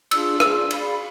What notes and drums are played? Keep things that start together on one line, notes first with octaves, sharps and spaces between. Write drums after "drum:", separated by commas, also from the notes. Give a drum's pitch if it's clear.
D4 F4 G#4 D5 E6, drum: cymbal
D4 F4 G#4 D5 E6, drum: rim click
G#4 D5 F5 B5, drum: cymbal